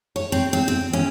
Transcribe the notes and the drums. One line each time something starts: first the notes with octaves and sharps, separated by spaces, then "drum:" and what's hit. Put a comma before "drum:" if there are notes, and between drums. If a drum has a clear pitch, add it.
C#5
C4
C4
C4
C#4, drum: tom